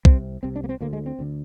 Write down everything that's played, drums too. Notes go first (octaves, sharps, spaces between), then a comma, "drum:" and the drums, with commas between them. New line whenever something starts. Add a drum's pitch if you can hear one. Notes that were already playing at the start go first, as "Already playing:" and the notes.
C2 C3 C4, drum: kick C2
C2 C3 C4
D4
A#3
C4
D2 D3 A#3
G#3
C4
D2 D3